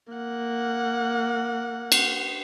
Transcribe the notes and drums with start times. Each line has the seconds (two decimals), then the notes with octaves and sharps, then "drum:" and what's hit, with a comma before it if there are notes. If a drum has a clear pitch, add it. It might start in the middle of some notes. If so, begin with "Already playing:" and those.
0.13 A#3 F#5
1.92 drum: cymbal